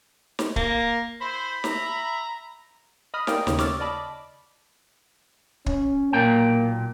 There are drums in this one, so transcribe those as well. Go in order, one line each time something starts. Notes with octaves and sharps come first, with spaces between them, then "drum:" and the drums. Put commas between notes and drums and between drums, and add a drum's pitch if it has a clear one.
drum: snare
A#3, drum: kick
E4 C5 B5
E5 A#5, drum: snare
D#5 B5 D#6 F6
A#4 D5 F5 G5 G#5 D#6, drum: snare
D#2 C#3 C#5, drum: snare
C#6 D6 E6 F6 A6, drum: snare
D5 D#5 A5 B5 D6
C#4, drum: kick
B1 A#2 A#3 G5